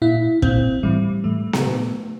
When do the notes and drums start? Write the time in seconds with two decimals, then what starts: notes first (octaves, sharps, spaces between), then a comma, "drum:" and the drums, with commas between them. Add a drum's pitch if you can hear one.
0.02 A#2 E4
0.42 A#2 C4, drum: kick
0.83 A2 E3 G3
1.24 A2 E3 A3
1.53 drum: snare B3
1.65 A#2